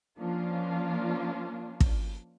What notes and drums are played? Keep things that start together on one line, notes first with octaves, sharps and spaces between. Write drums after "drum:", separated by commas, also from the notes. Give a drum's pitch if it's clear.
F3 A#3 C#4 D4 F4
drum: kick